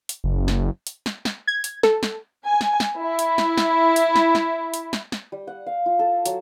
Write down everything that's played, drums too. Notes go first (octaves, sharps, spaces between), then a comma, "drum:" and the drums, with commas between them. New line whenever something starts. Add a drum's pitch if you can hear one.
drum: hi-hat
F#1
drum: snare
drum: hi-hat
drum: snare
drum: snare
G#6
drum: hi-hat
A4, drum: snare
drum: snare
G#5
drum: snare
drum: snare
E4
drum: hi-hat
drum: snare
drum: snare
drum: hi-hat
drum: snare
drum: snare
drum: hi-hat
drum: snare
drum: snare
G3
F#5
F5
F4
A4
F#3, drum: hi-hat